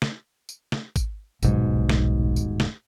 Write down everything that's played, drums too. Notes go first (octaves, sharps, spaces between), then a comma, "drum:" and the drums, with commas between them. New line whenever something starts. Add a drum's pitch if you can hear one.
drum: snare
drum: tambourine
drum: snare
drum: kick G#1, tambourine
D#1 B1 G#2 B2 F#3, drum: tambourine
drum: snare
drum: tambourine
drum: snare